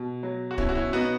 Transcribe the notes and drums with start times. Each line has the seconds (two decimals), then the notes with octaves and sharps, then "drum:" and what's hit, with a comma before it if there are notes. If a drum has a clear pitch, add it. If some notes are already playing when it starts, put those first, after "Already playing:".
Already playing: B2
0.23 F#3
0.51 F#4
0.58 B2 C#4 E4, drum: kick
0.69 F#4
0.75 C#4 E4
0.93 B3 D#4 F#4